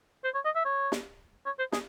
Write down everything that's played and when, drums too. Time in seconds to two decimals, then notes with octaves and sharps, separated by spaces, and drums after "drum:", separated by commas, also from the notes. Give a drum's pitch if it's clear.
0.24 C5
0.35 C#5
0.45 D#5
0.56 E5
0.65 C#5
0.92 drum: snare
1.46 C#5
1.59 C5
1.72 G#4, drum: snare